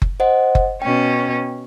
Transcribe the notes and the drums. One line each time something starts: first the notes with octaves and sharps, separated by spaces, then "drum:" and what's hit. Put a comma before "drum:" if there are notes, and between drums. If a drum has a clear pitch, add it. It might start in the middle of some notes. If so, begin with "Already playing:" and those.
drum: kick F#1
C5 D#5 F#5
drum: kick F#1
B2 C#4 G5